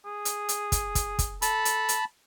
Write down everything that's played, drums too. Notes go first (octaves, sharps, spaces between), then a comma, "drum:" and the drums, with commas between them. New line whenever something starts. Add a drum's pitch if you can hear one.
G#4
drum: hi-hat
drum: hi-hat
drum: kick, hi-hat
drum: kick, hi-hat
drum: kick, hi-hat
A4 A5 B5, drum: hi-hat
drum: hi-hat
drum: hi-hat